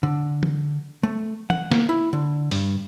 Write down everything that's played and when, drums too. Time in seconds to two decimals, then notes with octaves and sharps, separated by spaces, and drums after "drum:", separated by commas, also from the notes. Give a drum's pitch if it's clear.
0.03 D3
0.43 drum: tom
1.03 A3
1.50 F#5, drum: tom
1.72 A#3, drum: snare
1.89 E4
2.13 D3
2.51 G2, drum: open hi-hat